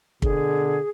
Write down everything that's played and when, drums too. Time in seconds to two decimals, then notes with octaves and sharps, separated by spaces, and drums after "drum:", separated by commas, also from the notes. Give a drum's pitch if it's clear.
0.22 B2 D3 G#4, drum: kick